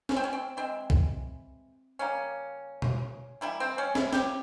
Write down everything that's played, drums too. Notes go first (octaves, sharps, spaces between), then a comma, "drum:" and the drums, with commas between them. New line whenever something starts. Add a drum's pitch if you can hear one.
C#4, drum: snare
C4
C#4
C4
E3 G#3 C4
drum: kick
C#3 G3 A#3 C#4
drum: tom B2
E3 G3 A#3 E4
C4
C#4
E4, drum: snare
G4, drum: snare